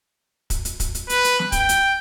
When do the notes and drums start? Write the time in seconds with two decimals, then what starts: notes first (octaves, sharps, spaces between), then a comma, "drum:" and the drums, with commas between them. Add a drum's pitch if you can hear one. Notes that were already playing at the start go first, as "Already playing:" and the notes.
0.50 drum: kick, hi-hat
0.65 drum: hi-hat
0.80 drum: kick, hi-hat
0.95 drum: hi-hat
1.09 B4, drum: hi-hat
1.24 drum: hi-hat
1.39 drum: snare
1.52 G5, drum: kick, hi-hat
1.69 drum: hi-hat